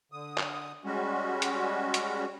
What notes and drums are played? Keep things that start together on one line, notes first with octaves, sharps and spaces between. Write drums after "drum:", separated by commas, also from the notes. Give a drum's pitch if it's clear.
D3 D#6
drum: clap
G3 G#3 C#4 F#4
drum: hi-hat
drum: hi-hat